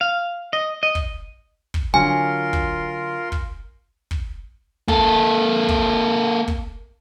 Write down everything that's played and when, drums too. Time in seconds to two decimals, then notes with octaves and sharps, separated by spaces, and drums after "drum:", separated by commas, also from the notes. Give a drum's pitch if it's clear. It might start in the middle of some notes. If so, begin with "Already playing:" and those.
0.01 F5
0.53 D#5
0.83 D#5
0.95 drum: kick
1.74 drum: kick
1.94 D3 F#3 F4 A#4 G#5 C6
2.53 drum: kick
3.32 drum: kick
4.11 drum: kick
4.88 A#3 A4, drum: kick
5.69 drum: kick
6.48 drum: kick